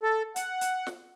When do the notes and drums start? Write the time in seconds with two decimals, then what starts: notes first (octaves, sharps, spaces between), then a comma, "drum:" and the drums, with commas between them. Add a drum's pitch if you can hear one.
0.03 A4
0.36 F#5, drum: hi-hat
0.61 drum: hi-hat
0.87 drum: snare